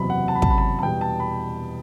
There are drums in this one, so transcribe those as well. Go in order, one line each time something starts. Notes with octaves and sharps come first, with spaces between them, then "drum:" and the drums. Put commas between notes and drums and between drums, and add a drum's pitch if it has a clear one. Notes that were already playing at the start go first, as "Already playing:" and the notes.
Already playing: F#1 E2 C3 F#3 B5
F#5
A5
B5
A5, drum: kick
B5
A5
A5
E2 B2 G3 G5
A5
B5